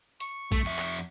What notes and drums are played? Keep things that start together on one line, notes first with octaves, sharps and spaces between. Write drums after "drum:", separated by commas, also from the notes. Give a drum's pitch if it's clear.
C#6, drum: hi-hat
A3, drum: kick, hi-hat
F2 E5
drum: clap